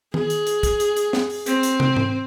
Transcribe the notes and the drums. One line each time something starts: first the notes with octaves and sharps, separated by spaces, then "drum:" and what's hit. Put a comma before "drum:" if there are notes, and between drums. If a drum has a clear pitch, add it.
G#4, drum: tom D#3
drum: hi-hat
drum: hi-hat
drum: kick, hi-hat
drum: hi-hat
drum: hi-hat
drum: snare
drum: open hi-hat
C4, drum: hi-hat
drum: hi-hat
drum: tom
drum: tom G#2